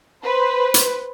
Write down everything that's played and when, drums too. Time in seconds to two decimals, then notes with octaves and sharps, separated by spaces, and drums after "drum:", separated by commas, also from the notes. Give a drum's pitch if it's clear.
0.23 B4 C5
0.74 drum: hi-hat